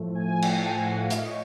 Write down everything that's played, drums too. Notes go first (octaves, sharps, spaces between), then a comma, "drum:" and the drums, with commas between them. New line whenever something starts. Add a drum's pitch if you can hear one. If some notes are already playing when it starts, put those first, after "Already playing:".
Already playing: A2 F3 A3
G#5
G5, drum: cymbal
A5
G5
G#5
F#5
F5
E5, drum: hi-hat
D#5
C#5